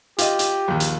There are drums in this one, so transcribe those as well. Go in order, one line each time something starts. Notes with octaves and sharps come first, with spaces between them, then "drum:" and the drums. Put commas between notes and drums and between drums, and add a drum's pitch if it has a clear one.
F4 G4 D#5, drum: hi-hat
drum: hi-hat
A#1 D#2
drum: hi-hat